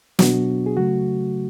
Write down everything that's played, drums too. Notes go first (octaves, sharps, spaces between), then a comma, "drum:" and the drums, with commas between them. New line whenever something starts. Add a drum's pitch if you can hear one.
B2 F#3 B3 D4 F#4, drum: snare
G#4
C#3 F#3 A3 F#4